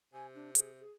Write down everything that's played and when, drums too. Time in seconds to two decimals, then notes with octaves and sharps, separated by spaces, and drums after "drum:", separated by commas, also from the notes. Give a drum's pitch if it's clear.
0.14 C3 G#5
0.35 D4
0.55 G#4, drum: hi-hat
0.80 G#4